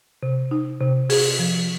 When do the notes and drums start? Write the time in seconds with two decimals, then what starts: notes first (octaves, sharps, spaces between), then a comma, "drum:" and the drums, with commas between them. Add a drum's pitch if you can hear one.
0.23 C3
0.51 D#4
0.81 C3
1.10 G#4, drum: open hi-hat
1.39 F3